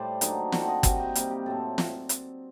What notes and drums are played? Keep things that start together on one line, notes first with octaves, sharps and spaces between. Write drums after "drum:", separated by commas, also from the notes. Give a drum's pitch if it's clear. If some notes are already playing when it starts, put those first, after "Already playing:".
Already playing: A2 G3 C5 D5
D3 F#3 A#3 D#4, drum: hi-hat
D3 A3 C4 F#5, drum: snare
D#5
C3 G3 A#3 F#4, drum: kick G1, hi-hat
G4
C3 G3 A#3, drum: hi-hat
G4
A2 F#3 A3 C4 A4
drum: snare
drum: hi-hat